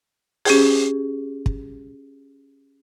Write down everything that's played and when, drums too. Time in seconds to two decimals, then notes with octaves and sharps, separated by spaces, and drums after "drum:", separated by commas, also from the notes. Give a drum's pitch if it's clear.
0.45 C#4 G4 G#4, drum: open hi-hat
1.46 drum: kick